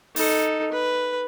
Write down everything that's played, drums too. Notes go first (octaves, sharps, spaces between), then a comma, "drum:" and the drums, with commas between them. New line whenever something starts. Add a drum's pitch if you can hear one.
D#4 A4, drum: open hi-hat
B4